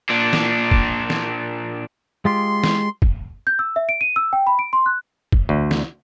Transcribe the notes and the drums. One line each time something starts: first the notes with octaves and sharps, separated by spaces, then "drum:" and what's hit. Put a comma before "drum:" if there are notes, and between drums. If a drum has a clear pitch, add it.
A#2 D4
drum: snare
drum: kick
drum: snare
G#3 F4 G4 C6
drum: snare
drum: kick
G6
E6
E5
D7
D#7
E6
G5
B5
D7
C6
F#6
drum: kick
D2
drum: snare